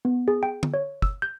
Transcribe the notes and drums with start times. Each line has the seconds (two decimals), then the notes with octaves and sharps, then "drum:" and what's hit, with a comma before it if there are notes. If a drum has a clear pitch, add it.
0.05 B3
0.28 G#4
0.43 G5
0.63 drum: tom D3
0.74 C#5
1.02 E6, drum: kick
1.22 G6